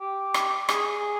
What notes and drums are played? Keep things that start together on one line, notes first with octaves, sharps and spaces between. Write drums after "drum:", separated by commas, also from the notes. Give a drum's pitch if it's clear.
G4
drum: rim click
G#4, drum: rim click